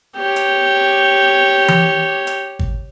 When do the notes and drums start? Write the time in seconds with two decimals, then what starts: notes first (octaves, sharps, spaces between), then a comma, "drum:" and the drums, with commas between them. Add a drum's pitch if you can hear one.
0.17 G4 C#5
0.36 drum: hi-hat
1.68 drum: tom E3
2.27 drum: hi-hat
2.59 drum: kick